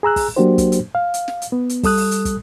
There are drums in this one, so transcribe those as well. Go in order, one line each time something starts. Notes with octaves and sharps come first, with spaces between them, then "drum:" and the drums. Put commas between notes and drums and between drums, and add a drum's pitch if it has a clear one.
G#4 A#5 E6 F#6
drum: kick, open hi-hat
F#3 A#3 D4 F#4 G4 C5
drum: kick, hi-hat
drum: hi-hat
F5
drum: hi-hat
drum: snare
drum: hi-hat
B3
drum: hi-hat
G3 A4 D#6 F#6, drum: kick, open hi-hat
drum: open hi-hat
drum: hi-hat
drum: kick, hi-hat